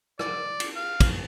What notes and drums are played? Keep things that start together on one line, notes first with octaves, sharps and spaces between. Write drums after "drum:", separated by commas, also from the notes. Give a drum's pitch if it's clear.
D5, drum: rim click
drum: cymbal
F5
drum: kick, cymbal